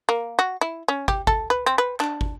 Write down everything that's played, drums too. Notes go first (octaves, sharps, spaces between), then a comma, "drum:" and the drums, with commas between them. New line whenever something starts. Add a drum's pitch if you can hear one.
A#3
F#4
E4
C#4
G4, drum: kick
A4, drum: kick
B4
C4
B4
D4, drum: clap
drum: kick